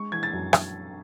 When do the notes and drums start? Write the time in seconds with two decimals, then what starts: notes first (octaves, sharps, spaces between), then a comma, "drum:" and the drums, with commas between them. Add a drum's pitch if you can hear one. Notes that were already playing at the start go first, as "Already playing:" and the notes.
Already playing: G#3 C#6
0.12 E3 G#6
0.23 A6
0.33 F#2
0.53 drum: rim click